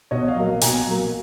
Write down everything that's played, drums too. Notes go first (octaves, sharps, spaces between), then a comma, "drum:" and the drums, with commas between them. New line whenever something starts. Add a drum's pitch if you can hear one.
B2 C#5 D#5
D#5 F5
F#3 A#3
B2 G#5 A#5, drum: hi-hat
F#3 A#3